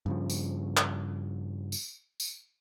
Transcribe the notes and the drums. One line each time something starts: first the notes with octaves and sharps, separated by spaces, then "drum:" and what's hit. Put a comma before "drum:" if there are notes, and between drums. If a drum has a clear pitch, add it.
G2 C#3 F3
drum: tambourine
drum: clap
drum: tambourine
drum: tambourine